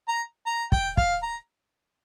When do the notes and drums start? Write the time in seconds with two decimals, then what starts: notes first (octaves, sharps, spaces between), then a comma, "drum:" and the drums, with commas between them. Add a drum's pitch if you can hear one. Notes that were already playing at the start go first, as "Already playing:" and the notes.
0.08 A#5
0.47 A#5
0.72 G5, drum: kick
0.97 F5, drum: kick
1.23 A#5